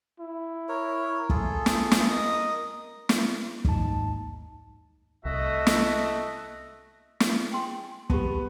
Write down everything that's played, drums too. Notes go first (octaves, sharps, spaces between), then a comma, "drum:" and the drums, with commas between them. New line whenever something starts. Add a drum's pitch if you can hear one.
E4
A#4 C#5
F4 G#4 A4, drum: kick
drum: snare
drum: snare
A#4 D#5 D#6
drum: snare
D#2 G#2 D#4 A5, drum: kick
C2 A3 F#4 D#5 E5
drum: snare
drum: snare
G5 G#5 C6
B3 G4 A5, drum: kick